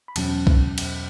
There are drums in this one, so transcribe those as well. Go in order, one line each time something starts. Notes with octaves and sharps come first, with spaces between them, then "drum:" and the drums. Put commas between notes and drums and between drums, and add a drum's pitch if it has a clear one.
B5
E2 B2 F#3 C#4 A5, drum: cymbal
drum: kick
drum: cymbal